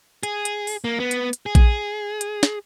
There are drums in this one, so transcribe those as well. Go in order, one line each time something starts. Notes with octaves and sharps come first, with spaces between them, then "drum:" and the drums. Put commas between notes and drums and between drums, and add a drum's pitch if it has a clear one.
G#4, drum: hi-hat
drum: hi-hat
drum: open hi-hat
A#3
B3
drum: hi-hat
drum: hi-hat
G#4
drum: kick A#1, hi-hat
drum: hi-hat
drum: snare